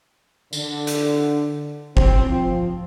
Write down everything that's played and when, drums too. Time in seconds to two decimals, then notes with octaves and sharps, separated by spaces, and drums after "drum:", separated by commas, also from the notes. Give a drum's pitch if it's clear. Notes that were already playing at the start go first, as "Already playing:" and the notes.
0.53 D3, drum: tambourine
0.87 drum: hi-hat
1.97 C4, drum: kick G1
2.29 F3